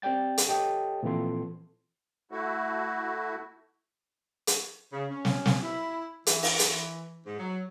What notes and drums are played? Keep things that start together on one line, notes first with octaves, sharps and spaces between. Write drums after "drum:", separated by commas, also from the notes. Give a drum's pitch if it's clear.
C4 G4 D5 G5 A6
drum: hi-hat
G4 A4 C#5 D#5 G5 A5
A#2 E3 F3 C4 A4 C6
A3 E4 F#4
drum: hi-hat
C#3
C#4
drum: snare
drum: snare
E4
E3, drum: hi-hat
drum: open hi-hat
drum: hi-hat
E3
G#2
F#3